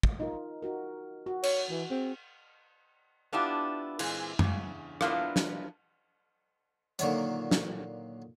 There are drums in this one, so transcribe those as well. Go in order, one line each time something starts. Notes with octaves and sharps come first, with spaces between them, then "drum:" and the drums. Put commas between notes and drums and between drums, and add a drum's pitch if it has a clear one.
drum: kick
D#4 F4 A#4
D#4 F#4 A#4
F#4
C#5, drum: cymbal
E3 F#4
C4 G#4
B3 D4 E4 F4 G4
A#2 E3 G#3 C4, drum: cymbal
E2 G2 C#3, drum: tom F#2
A#3 B3 D4 E4 F4, drum: rim click
drum: snare
A#2 D3 D#3 F#3, drum: hi-hat
drum: snare